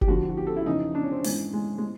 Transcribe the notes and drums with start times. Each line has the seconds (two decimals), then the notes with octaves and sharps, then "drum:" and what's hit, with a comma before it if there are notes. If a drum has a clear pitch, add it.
0.01 G4, drum: kick F#1
0.08 F2 D3 F3 F#4
0.29 F#4
0.37 G4
0.47 A4
0.56 E4
0.66 F2 C#3 E3 D#4
0.95 D4
1.03 C#4
1.12 C4
1.19 C#4
1.24 G#2 E3, drum: open hi-hat
1.53 G#3
1.78 G#3